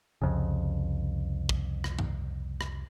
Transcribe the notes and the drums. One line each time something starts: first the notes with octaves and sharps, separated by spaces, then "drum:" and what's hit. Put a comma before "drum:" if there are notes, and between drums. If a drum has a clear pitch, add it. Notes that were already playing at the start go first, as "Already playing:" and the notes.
C2 F2 C#3
drum: kick
drum: rim click
drum: tom G2
drum: rim click